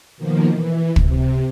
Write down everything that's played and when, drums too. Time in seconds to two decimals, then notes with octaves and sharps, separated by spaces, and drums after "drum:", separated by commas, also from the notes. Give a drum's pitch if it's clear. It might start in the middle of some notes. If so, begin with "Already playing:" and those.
0.17 B2 D#3 F3 A#3
0.48 E3
0.96 C3, drum: kick